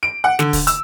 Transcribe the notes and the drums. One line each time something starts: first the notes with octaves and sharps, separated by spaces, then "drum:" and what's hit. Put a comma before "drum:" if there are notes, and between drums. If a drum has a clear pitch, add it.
D7
F#5
D3, drum: snare
drum: kick, open hi-hat
E6, drum: hi-hat